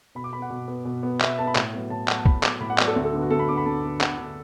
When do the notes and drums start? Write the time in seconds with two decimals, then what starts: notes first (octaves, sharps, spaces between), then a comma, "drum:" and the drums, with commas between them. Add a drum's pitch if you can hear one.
0.15 B2 B5
0.24 D6
0.33 B3 B5
0.42 F#5
0.50 B2
0.68 B3
0.85 B2
1.03 B3
1.21 B2 E5, drum: clap
1.38 B3 A5
1.47 B5
1.55 A2, drum: clap
1.73 F#3 B3
1.90 A2 A5
2.08 F#3 B3 F#5, drum: clap
2.17 A5
2.26 A2 B5, drum: kick
2.43 F#3 B3 D6, drum: clap
2.60 A2 B5
2.70 F#5
2.78 F#3 B3 D5, drum: clap
2.87 A4
2.96 D2 F#4
3.04 A4
3.13 D3 B3
3.22 F#4
3.30 D2 A4
3.39 B5
3.48 D3 B3 D6
3.57 B5
3.66 D2 A5
3.84 D3 B3
4.01 D2 F#5, drum: clap
4.18 D3 B3